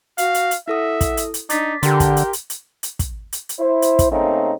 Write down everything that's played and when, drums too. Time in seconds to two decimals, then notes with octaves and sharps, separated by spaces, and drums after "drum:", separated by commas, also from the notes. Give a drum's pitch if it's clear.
0.18 F#4 F5, drum: hi-hat
0.34 drum: hi-hat
0.51 drum: hi-hat
0.68 E4 A4 E5 F#5 D#6
1.01 drum: kick, hi-hat
1.17 drum: hi-hat
1.34 drum: hi-hat
1.50 D4 D#4 D6 A6 B6, drum: hi-hat
1.83 D3 G4 A#4 C6, drum: hi-hat
2.00 drum: kick, hi-hat
2.17 drum: hi-hat
2.33 drum: hi-hat
2.50 drum: hi-hat
2.83 drum: hi-hat
2.99 drum: kick, hi-hat
3.33 drum: hi-hat
3.49 drum: hi-hat
3.59 E4 C5
3.82 drum: hi-hat
3.99 drum: kick, hi-hat
4.10 C#3 A3 A#3 C4 D#4